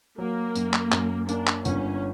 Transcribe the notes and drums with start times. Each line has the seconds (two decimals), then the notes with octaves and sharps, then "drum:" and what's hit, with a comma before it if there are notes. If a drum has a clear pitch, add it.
0.18 F#3 A#3
0.55 F#2, drum: tambourine
0.73 drum: clap
0.92 F#2, drum: clap
1.29 A#3 D4, drum: tambourine
1.47 drum: clap
1.65 G1 C#4, drum: tambourine